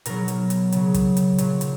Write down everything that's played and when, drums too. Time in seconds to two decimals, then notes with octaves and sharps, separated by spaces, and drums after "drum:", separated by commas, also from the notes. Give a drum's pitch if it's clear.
0.06 B2 F#3 A#4, drum: hi-hat
0.28 drum: hi-hat
0.50 drum: hi-hat
0.72 C#3 F#3, drum: hi-hat
0.94 drum: kick, hi-hat
1.17 drum: hi-hat
1.38 A#2 F#3, drum: hi-hat
1.61 drum: hi-hat